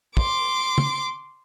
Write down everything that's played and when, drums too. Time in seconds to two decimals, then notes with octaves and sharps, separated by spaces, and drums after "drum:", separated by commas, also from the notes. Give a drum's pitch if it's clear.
0.17 C6 D6, drum: kick
0.78 drum: tom